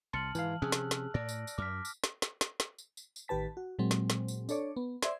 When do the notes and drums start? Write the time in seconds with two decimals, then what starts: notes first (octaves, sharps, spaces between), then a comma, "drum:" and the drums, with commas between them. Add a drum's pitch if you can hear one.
0.13 C2 A5 C6 F6 A6 C#7 F#7
0.35 G#2 E3 F5, drum: tambourine
0.62 C3 F3 C#4 G#4 A5 E6 F#6
0.72 drum: snare
0.91 drum: snare
1.14 A2 D5 A#6 D7
1.29 drum: tambourine
1.47 drum: tambourine
1.58 F#2 D6 F6 B6
1.85 drum: tambourine
2.04 drum: snare
2.22 drum: snare
2.41 drum: snare
2.60 drum: snare
2.78 drum: tambourine
2.97 drum: tambourine
3.16 drum: tambourine
3.28 A1 D#3 G4 B4 A5 B6
3.57 F#4
3.79 A#2 F#3 G#3 C4
3.91 drum: snare
4.10 drum: snare
4.28 drum: tambourine
4.49 D4 A4 C#5 D5, drum: tambourine
4.77 B3
5.02 C5 D5 E5 C6 G#6, drum: snare